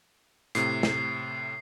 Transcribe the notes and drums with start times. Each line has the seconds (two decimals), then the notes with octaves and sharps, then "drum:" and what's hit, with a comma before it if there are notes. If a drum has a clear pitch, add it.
0.55 A2 C3 C7, drum: hi-hat
0.83 drum: snare